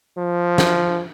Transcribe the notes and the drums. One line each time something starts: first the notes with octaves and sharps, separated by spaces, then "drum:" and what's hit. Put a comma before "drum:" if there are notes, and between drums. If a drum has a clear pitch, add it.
F3
drum: snare